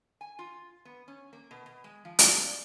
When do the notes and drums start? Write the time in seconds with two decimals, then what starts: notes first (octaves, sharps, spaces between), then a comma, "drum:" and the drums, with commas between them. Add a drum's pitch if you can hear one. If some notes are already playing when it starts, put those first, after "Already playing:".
0.21 G#5
0.39 F4
0.85 B3
1.08 C#4
1.33 A#3
1.51 B2
1.66 B2
1.84 G#3
2.05 F3
2.19 F4, drum: hi-hat
2.35 D5